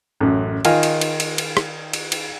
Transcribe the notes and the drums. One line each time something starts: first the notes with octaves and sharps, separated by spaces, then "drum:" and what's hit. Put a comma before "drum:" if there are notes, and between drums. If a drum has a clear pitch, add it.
A1 F#2
D#3 F4 D#5 F5 G#5 F6, drum: cymbal
drum: cymbal
drum: cymbal
drum: cymbal
drum: cymbal
drum: rim click
drum: cymbal
drum: cymbal